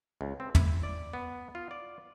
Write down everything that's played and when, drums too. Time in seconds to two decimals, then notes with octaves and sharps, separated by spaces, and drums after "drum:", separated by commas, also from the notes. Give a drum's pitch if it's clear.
0.21 C#2
0.40 C4
0.55 E4, drum: tom
0.83 D5
1.14 B3
1.55 F4
1.71 D5